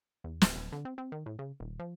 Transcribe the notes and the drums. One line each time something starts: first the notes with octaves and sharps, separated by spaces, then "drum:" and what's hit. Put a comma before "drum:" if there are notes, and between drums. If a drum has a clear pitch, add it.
E2
D1, drum: snare
D#1
D3
C4
C4
D#3
A2
C#3
D#1
F3